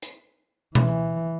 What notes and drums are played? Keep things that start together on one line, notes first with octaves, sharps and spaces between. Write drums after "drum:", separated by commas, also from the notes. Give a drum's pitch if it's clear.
drum: hi-hat
E3, drum: tom B2